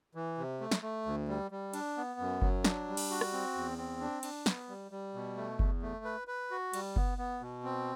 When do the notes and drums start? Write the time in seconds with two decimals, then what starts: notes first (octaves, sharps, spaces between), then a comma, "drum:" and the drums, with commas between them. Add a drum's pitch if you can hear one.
0.15 E3
0.38 C3
0.61 A3
0.71 drum: snare
0.83 A3
1.06 D2
1.28 G3
1.51 G3
1.74 D4, drum: cymbal
1.97 B3
2.20 F#2
2.42 F#3, drum: kick F#1
2.65 D4, drum: snare
2.87 G3
2.97 drum: cymbal
3.10 F#4
3.21 drum: rim click
3.33 C4
3.55 E2
3.78 C4
4.01 D4
4.23 D4, drum: cymbal
4.46 B3, drum: snare
4.69 G3
4.92 G3
5.14 B2
5.37 A3
5.59 E2, drum: kick F#1
5.82 A3
6.05 B4
6.28 B4
6.51 F#4
6.74 G3, drum: cymbal
6.96 B3, drum: kick F#1
7.18 B3
7.41 B2
7.64 C4